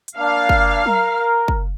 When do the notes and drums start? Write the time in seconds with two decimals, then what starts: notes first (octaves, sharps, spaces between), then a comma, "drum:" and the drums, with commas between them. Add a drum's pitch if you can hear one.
0.08 drum: hi-hat
0.18 A#3 D4 F5
0.49 drum: kick
0.86 A#4, drum: tom F#3
1.48 drum: kick